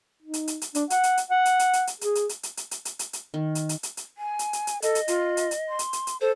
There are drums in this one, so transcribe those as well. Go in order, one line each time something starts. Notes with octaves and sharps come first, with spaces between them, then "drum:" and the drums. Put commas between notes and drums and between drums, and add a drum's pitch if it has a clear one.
D#4
drum: hi-hat
drum: hi-hat
drum: hi-hat
D4, drum: hi-hat
F#5, drum: hi-hat
drum: hi-hat
drum: hi-hat
F#5
drum: hi-hat
drum: hi-hat
drum: hi-hat
drum: hi-hat
G#4, drum: hi-hat
drum: hi-hat
drum: hi-hat
drum: hi-hat
drum: hi-hat
drum: hi-hat
drum: hi-hat
drum: hi-hat
drum: hi-hat
D#3
drum: hi-hat
drum: hi-hat
drum: hi-hat
drum: hi-hat
G#5
drum: hi-hat
drum: hi-hat
drum: hi-hat
A4 D#5, drum: hi-hat
drum: hi-hat
F4, drum: hi-hat
drum: hi-hat
drum: hi-hat
C6
drum: hi-hat
drum: hi-hat
drum: hi-hat
A4 C5